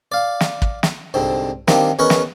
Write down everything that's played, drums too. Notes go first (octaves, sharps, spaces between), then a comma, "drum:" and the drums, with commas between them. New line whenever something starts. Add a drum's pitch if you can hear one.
D5 F5
drum: snare
drum: kick
drum: snare
C2 G#2 D3 C4
D#3 G3 A#3 C4 D4 D#4, drum: snare
E2 C#4 A#4 B4 D#5 C#6
drum: snare